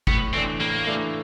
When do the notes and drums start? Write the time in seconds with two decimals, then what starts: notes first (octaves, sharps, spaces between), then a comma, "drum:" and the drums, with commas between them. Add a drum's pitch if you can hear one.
0.07 A2 B3, drum: kick
0.33 E3 A3 C4 D4
0.61 A2 A#3
0.87 E3 A3 D4